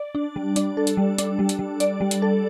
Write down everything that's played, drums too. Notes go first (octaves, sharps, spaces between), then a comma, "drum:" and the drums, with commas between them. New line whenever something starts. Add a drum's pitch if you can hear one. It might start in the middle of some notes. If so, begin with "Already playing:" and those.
Already playing: D5
D4
G3
D4, drum: hi-hat
A4
drum: hi-hat
G3
D4, drum: hi-hat
G3
drum: hi-hat
G3
D5, drum: hi-hat
G3
drum: hi-hat
A4